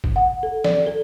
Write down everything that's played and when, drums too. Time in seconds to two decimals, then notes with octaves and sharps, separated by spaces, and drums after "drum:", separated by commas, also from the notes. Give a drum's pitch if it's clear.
0.04 drum: kick
0.16 F#5
0.43 A4
0.64 D5, drum: snare
0.87 A4